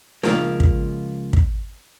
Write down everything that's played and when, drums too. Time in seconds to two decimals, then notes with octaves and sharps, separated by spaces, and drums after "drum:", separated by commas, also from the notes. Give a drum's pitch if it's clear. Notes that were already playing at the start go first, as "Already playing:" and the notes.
0.23 C#2 F3 A#3, drum: snare
0.60 drum: kick
1.33 drum: kick